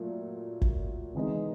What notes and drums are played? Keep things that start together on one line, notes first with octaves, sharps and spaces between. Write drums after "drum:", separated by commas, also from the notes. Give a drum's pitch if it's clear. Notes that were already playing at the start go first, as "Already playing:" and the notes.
Already playing: A#2 F#3 A3
drum: kick
C3 E3 G#3 B3 D#4